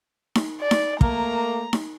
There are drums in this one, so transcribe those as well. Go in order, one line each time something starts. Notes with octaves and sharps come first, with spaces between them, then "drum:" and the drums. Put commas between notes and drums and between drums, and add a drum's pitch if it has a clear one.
drum: snare D#4
D5
drum: snare D#4
A3 A#3 A#5, drum: kick
drum: snare D#4